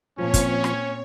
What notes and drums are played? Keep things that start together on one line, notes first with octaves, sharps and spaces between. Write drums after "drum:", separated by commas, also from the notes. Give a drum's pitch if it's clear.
A#2 F3 C4 C#4 C#5
drum: kick, hi-hat
drum: rim click